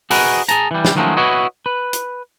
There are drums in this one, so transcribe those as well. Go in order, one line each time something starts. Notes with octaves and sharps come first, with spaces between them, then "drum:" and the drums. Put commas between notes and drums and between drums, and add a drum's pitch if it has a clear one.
F#4 G#4 A#4 B4 D#5, drum: open hi-hat
G#4 A5 A#5, drum: hi-hat
E3 G3
drum: snare
D#3 F3 F#3 G#3 A3 C#4
E4 F#4 B4 C#5 D#5
B4
drum: hi-hat